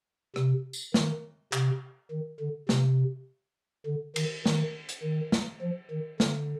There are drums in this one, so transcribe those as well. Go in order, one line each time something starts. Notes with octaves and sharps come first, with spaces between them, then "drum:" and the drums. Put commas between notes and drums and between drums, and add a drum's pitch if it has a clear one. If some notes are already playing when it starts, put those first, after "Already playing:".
C3, drum: rim click
drum: tambourine
D#3, drum: snare
C3, drum: clap
D#3
D3
C3, drum: snare
D3
D#3, drum: cymbal
D#3, drum: snare
drum: hi-hat
D#3
drum: snare
F3
D#3
D3, drum: snare